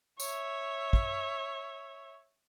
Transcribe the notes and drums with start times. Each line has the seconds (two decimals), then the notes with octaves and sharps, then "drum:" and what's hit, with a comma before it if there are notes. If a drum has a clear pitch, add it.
0.20 C#5 E5, drum: tambourine
0.93 drum: kick